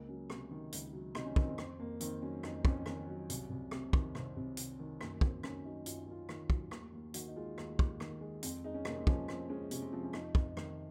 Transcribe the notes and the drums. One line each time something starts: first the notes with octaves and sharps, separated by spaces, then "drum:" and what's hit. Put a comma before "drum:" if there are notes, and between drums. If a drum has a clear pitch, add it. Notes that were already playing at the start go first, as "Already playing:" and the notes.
Already playing: C#2 A#3
F#3 C#4
C3, drum: rim click
D#3
C#2, drum: hi-hat
F#3
C3 D#4, drum: rim click
C#4
D#3 C4, drum: kick
C4
F2 C4, drum: rim click
F2 A#3
D#3 C4, drum: hi-hat
F#3 C#4
F2 D#4, drum: rim click
F2 C#4, drum: kick
D#3 C#4, drum: rim click
F#3
C2, drum: hi-hat
C2
C3, drum: rim click
D#3, drum: kick
C2 C4, drum: rim click
C2
C3, drum: hi-hat
D#3
F#2 A#3, drum: rim click
F#2 C4, drum: kick
D#3 C#4, drum: rim click
F#3 D#4
F#2 F4, drum: hi-hat
D#4
F#2 F4
D#3, drum: rim click
F#3, drum: kick
D#2, drum: rim click
D#2
D#3 F#4, drum: hi-hat
D#4
G#3 F4
D#2, drum: rim click
D#2, drum: kick
D#3, drum: rim click
G#3
F2 C4, drum: hi-hat
G#3 D#4
C#4
C3 A#3, drum: rim click
C4
F3 C#4, drum: kick
F2 C4, drum: rim click
G#3 C#4
C3 C#4, drum: hi-hat
C4
F3 C4
C#4
F2 D#4, drum: rim click
F2, drum: kick
D#3, drum: rim click